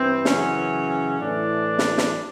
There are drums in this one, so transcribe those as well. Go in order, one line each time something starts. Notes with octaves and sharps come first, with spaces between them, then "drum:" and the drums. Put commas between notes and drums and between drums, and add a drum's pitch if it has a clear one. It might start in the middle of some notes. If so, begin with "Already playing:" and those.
Already playing: G2 E3 C4
F#2 C#3 E3 C#4, drum: snare
A2 E3 D4
drum: snare
drum: snare